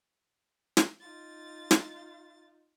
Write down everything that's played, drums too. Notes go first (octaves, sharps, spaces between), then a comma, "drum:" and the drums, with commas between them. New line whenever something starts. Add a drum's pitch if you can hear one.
drum: snare
D#4 F4 A6
drum: snare